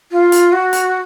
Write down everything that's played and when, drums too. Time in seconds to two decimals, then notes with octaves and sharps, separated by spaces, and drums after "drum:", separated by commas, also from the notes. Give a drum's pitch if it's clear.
0.12 F4
0.32 drum: hi-hat
0.52 F#4
0.73 drum: hi-hat